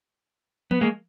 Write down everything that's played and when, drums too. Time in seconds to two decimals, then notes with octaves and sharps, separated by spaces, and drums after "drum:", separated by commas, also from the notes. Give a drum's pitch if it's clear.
0.71 B3, drum: tom F3
0.81 G#3 A#3